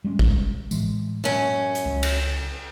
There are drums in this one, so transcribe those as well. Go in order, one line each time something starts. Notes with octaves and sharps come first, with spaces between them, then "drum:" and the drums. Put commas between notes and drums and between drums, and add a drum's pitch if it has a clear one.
G3 G#3 C#4
drum: kick
A2 E3 G#3, drum: tambourine
F#2 C#4
drum: hi-hat
C#2
drum: cymbal